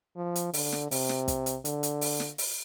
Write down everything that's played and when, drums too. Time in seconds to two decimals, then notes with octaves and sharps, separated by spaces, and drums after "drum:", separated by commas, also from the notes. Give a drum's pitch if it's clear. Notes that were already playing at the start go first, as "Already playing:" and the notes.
0.17 F3
0.36 drum: hi-hat
0.54 D3, drum: open hi-hat
0.72 drum: snare
0.91 C3, drum: open hi-hat
1.09 drum: snare
1.28 drum: kick, hi-hat
1.46 drum: hi-hat
1.65 D3, drum: hi-hat
1.83 drum: hi-hat
2.01 drum: open hi-hat
2.20 drum: snare
2.38 drum: open hi-hat